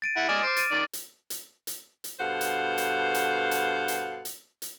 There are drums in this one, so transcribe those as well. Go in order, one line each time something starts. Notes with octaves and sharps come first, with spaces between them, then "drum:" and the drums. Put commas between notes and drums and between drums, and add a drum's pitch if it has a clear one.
A6 D7 D#7
E4 F#5
D5 D#5 G#5 F6 D7 E7
C5 D6 D7
A6 D7 D#7, drum: hi-hat
D#3 D5
drum: hi-hat
drum: hi-hat
drum: hi-hat
drum: hi-hat
G2 B2 A4 C5 F5 F#5
drum: hi-hat
drum: hi-hat
drum: hi-hat
drum: hi-hat
drum: hi-hat
drum: hi-hat
drum: hi-hat